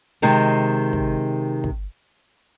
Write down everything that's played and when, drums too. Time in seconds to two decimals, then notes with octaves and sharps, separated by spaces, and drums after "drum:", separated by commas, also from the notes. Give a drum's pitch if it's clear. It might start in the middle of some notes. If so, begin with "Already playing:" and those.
0.22 C3 D#3 G#3 C4
0.93 drum: kick
1.64 drum: kick